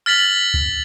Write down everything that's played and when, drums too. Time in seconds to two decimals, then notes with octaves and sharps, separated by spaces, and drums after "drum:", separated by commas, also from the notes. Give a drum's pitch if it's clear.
0.06 F6 A6 B6 F#7
0.54 drum: kick C#2